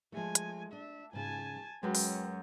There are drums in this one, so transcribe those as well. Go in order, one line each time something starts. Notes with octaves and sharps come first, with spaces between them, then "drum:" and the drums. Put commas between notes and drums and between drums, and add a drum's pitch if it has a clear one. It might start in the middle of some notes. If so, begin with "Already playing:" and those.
F3 G#3 A3 G#5
drum: hi-hat
D4 E5
G#2 C#3 G#5 A5
F#2 G#3 C#4 B4 G5
drum: open hi-hat